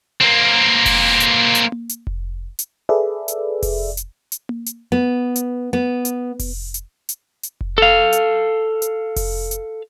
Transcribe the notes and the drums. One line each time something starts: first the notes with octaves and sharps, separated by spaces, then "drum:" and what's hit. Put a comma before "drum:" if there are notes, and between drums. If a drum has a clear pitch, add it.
A#3 C4
drum: kick F1, open hi-hat
drum: hi-hat
drum: hi-hat
drum: tom A#3
drum: hi-hat
drum: kick F1
drum: hi-hat
G#4 A4 B4 D5 E5
drum: hi-hat
drum: kick F1, open hi-hat
drum: hi-hat
drum: hi-hat
drum: tom A#3
drum: hi-hat
B3
drum: hi-hat
B3
drum: hi-hat
drum: kick F1, open hi-hat
drum: hi-hat
drum: hi-hat
drum: hi-hat
drum: kick F1
A4 F5
drum: hi-hat
drum: hi-hat
drum: kick F1, open hi-hat
drum: hi-hat